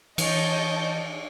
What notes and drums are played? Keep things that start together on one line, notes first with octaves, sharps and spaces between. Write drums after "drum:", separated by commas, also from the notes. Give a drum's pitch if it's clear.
E3 C#5 D#5 A5 G6, drum: cymbal